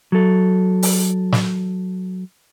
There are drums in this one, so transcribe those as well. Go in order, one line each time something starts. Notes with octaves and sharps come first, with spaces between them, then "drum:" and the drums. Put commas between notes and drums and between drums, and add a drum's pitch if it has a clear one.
F#3 A4
drum: open hi-hat
drum: snare